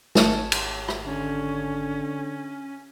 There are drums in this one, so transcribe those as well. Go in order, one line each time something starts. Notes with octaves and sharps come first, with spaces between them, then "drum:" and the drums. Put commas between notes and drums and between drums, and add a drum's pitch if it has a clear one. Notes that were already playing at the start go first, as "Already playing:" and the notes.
G#1 C#5 A5, drum: snare
drum: cymbal
drum: rim click
D3 C#4